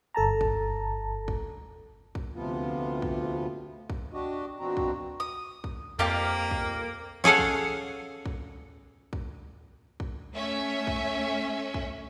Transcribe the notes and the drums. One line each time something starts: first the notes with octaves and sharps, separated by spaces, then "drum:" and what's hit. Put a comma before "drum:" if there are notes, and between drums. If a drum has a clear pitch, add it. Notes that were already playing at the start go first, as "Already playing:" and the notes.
G1 A4 A5 A#5
drum: kick A#1
drum: kick A#1
drum: kick A#1
D2 C3 F3 B3 F4
drum: kick A#1
drum: kick A#1
D4 F#4 G4 D#5
B2 F3 C4 D4 F#4 A#5
drum: kick A#1
D#6
drum: kick A#1
F2 A#3 F4 G4 F5
drum: kick A#1
C#4 G#4 A4 F5 F#5
drum: kick A#1
drum: kick A#1
drum: kick A#1
drum: kick A#1
A3 C#4 E5
drum: kick A#1
drum: kick A#1